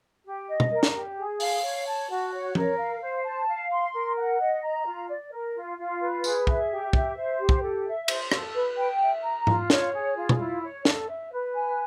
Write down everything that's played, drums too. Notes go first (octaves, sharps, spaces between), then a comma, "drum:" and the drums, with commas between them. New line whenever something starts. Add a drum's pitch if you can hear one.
G4
D#5
drum: tom B2
A#4
drum: snare
G4
G#4
F5, drum: open hi-hat
C#5
A5
F#4
C#5
A#4, drum: tom F3
F5
C5
A5
F5
C6
A#4
F#5
D#5
A#5
F4
D5
A#4
F4
F4
B4
G#4, drum: tambourine
E5, drum: kick
G4
E5, drum: kick
C5
G4
drum: kick
A4
E5
C5, drum: cymbal
A4, drum: rim click
B4
G5
E5
A#5
F4, drum: tom G#2
C#5, drum: snare
G#4
F4
drum: tom B2
E4
C#5
A4, drum: snare
E5
B4
G#5